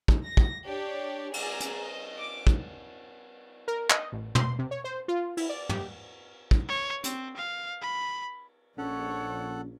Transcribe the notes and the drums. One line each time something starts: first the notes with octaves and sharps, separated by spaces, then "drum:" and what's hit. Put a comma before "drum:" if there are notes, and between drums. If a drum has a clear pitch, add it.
drum: kick
A#6
drum: kick
D4 G4 C#5
G#4 D5 A#5, drum: cymbal
drum: hi-hat
D#5
D6
drum: kick
A#4
D#5, drum: clap
A1
C6, drum: tom
C3
C#5
C5
F4
E4, drum: cymbal
D5
G4, drum: tom
drum: kick
C#5
C4, drum: hi-hat
F5
B5
A#1 C#4 D4 A4 C#5 F#5